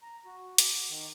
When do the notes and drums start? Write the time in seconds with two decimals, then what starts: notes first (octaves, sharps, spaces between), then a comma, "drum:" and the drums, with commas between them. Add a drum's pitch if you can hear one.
0.02 A#5
0.26 F#4
0.58 D6, drum: hi-hat
0.90 D#3